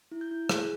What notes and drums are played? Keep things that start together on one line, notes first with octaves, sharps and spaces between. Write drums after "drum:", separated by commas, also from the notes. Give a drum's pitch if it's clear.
E4
G6
E4
G#4 F#6, drum: rim click